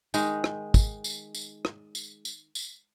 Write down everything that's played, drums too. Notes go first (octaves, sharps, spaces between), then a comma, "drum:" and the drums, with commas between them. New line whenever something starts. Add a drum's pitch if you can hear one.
D#3 G#3 D#4, drum: tambourine
drum: rim click
drum: kick, tambourine
drum: tambourine
drum: tambourine
drum: rim click
drum: tambourine
drum: tambourine
drum: tambourine